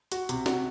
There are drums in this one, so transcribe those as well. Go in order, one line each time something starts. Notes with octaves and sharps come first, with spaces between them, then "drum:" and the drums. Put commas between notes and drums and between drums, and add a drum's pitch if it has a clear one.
F#4, drum: hi-hat
C3, drum: hi-hat
F#4, drum: snare